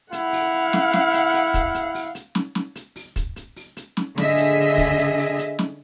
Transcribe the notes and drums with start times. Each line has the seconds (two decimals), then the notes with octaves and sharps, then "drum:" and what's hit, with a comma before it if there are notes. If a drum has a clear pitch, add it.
0.12 E4 F5 F#5, drum: hi-hat
0.33 drum: open hi-hat
0.73 drum: snare
0.93 drum: snare
1.14 drum: hi-hat
1.34 drum: open hi-hat
1.54 drum: kick, hi-hat
1.74 drum: hi-hat
1.95 drum: open hi-hat
2.15 drum: hi-hat
2.35 drum: snare
2.55 drum: snare
2.75 drum: hi-hat
2.96 drum: open hi-hat
3.16 drum: kick, hi-hat
3.36 drum: hi-hat
3.56 drum: open hi-hat
3.77 drum: hi-hat
3.97 drum: snare
4.18 D3 G#4 D#5 E5, drum: snare
4.37 drum: hi-hat
4.78 drum: kick, hi-hat
4.98 drum: hi-hat
5.18 drum: open hi-hat
5.38 drum: hi-hat
5.59 drum: snare